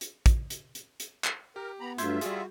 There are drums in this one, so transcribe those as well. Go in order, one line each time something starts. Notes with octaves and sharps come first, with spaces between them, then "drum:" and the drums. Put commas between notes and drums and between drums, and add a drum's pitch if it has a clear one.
drum: hi-hat
drum: kick, hi-hat
drum: hi-hat
drum: hi-hat
drum: hi-hat
drum: clap
G4 A#4
B3 A#5 B5
G2 F#3 A3 F4 E5 C6 G6 G#6, drum: hi-hat
G3 F#4 G#4, drum: hi-hat